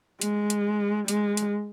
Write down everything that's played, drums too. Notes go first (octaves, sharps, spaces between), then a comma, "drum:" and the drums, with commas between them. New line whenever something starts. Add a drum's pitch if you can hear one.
G#3, drum: hi-hat
drum: hi-hat
G#3, drum: hi-hat
drum: hi-hat